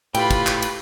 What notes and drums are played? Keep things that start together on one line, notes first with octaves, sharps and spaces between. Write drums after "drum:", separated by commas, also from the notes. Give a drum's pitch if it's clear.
A2 F4 G4 B4 G5 B5, drum: cymbal
drum: kick, cymbal
drum: clap
drum: cymbal